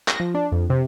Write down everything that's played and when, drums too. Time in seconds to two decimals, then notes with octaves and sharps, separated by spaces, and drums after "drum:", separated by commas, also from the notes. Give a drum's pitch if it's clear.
0.08 A#6, drum: clap
0.20 F3
0.35 D4
0.52 F2
0.70 C3